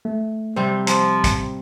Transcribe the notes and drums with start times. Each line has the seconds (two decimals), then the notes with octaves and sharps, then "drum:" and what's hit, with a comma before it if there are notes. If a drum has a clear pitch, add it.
0.05 A3
0.56 C3 G3 C4 C5
0.87 F3 A#5, drum: hi-hat
1.24 drum: kick, hi-hat